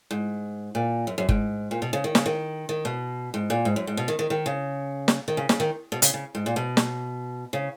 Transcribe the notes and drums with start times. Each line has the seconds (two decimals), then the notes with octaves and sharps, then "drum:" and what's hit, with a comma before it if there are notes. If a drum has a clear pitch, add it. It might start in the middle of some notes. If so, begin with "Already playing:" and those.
0.11 G#2
0.75 A#2
1.07 F#2
1.18 F#2
1.29 G#2, drum: kick G1
1.71 A#2
1.82 B2
1.93 C#3
2.04 D#3
2.15 C#3, drum: snare
2.26 D#3
2.69 D#3
2.85 B2
3.34 G#2
3.50 A#2
3.65 G#2
3.76 F#2
3.87 G#2
3.97 B2
4.08 D#3
4.19 D#3
4.30 D#3
4.46 C#3
5.08 drum: snare
5.28 D#3
5.37 C#3
5.49 C#3, drum: snare
5.60 D#3
5.92 B2
6.02 C#3, drum: hi-hat
6.14 C#3
6.35 G#2
6.46 A#2
6.56 B2
6.77 drum: snare
7.53 C#3